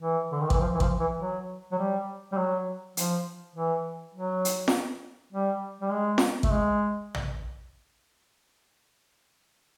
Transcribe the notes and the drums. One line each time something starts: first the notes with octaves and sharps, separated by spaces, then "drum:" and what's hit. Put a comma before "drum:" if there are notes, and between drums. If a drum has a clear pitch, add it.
E3
D3
D#3
E3, drum: kick
F3
E3
F3, drum: kick
E3
F#3
F#3
G3
G3
F#3
F3, drum: hi-hat
E3
F#3
drum: hi-hat
drum: snare
G3
G3
G#3
drum: snare
A3, drum: kick
G#3
drum: tom A#1